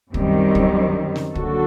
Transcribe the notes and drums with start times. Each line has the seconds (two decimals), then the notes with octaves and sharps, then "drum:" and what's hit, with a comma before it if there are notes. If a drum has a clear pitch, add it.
0.14 F#2 D#3 G3 C4, drum: kick
0.55 drum: kick
1.16 drum: snare
1.35 D3 F#3 A#3 F#4 A4, drum: kick